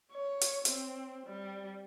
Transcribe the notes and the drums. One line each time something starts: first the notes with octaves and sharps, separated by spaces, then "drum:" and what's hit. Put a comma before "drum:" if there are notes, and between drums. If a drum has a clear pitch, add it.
C#5
drum: hi-hat
C4, drum: hi-hat
G3